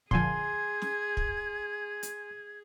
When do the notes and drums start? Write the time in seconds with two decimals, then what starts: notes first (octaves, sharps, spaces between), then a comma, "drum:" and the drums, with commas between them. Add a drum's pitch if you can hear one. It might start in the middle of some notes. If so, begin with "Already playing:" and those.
0.11 A#2 D3 F3 G#4 G#5 C6 G#6, drum: kick
0.82 drum: snare
1.17 drum: kick
2.03 drum: hi-hat